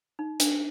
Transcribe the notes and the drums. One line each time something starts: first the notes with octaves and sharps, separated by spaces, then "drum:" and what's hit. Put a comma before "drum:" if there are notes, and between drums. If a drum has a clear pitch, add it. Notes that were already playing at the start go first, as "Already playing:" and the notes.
D#4
D4, drum: hi-hat